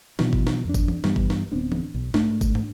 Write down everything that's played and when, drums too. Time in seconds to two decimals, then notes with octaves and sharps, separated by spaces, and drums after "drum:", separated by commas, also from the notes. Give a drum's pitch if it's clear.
0.19 B2 D#3 E3 F#3, drum: snare
0.33 drum: kick G1
0.47 drum: snare
0.65 F2 D4
0.74 drum: kick G1, tambourine
0.88 drum: tom E3
1.04 G2 E3 G3 B3, drum: snare
1.16 drum: kick G1
1.30 drum: snare
1.52 D1 B3 C4 D4
1.72 drum: tom E3
1.94 B1
2.14 G#2 A3 D4, drum: snare
2.41 drum: kick G1, tambourine
2.55 drum: tom